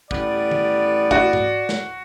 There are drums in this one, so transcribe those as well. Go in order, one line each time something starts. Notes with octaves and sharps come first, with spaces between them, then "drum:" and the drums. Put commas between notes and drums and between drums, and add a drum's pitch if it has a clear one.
A1 G3 B3 D5, drum: kick
drum: tom D#3
F#4, drum: kick
drum: tom G#2
drum: snare